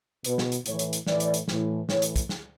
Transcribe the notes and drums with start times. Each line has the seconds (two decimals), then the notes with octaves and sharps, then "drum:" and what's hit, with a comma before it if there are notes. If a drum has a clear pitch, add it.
0.24 B2 B4, drum: hi-hat
0.38 drum: snare
0.52 drum: hi-hat
0.66 A2 E3 C#5, drum: hi-hat
0.79 drum: hi-hat
0.93 drum: hi-hat
1.07 A2 E3 D5, drum: snare
1.20 drum: hi-hat
1.34 drum: hi-hat
1.48 A2 E3, drum: snare
1.89 A2 E3 C#5, drum: snare
2.02 drum: hi-hat
2.16 drum: kick, hi-hat
2.29 drum: snare